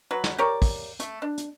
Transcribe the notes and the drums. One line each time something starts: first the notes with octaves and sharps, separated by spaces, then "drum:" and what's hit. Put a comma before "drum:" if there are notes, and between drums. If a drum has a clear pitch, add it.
F#3 B4
drum: snare
G4 A#4 C#5 D5
drum: kick, open hi-hat
A3, drum: hi-hat
D4
drum: hi-hat